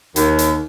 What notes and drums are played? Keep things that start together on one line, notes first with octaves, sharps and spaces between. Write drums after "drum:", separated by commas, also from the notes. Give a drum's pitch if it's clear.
D#2, drum: hi-hat
drum: hi-hat